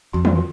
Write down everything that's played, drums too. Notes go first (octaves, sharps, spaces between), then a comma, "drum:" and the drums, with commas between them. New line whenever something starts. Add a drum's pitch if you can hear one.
F2 F#4
F4, drum: tom
F#4